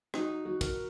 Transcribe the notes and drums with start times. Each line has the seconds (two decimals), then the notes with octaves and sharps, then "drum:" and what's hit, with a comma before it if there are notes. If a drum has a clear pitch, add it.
0.14 F#3 D#4 F#4, drum: rim click
0.45 F#3 F#4
0.61 A#4, drum: kick, cymbal